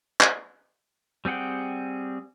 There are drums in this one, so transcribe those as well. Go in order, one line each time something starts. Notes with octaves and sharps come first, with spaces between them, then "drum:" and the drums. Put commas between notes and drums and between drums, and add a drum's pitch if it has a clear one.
drum: clap
G3 C4 G#4 F#5 G5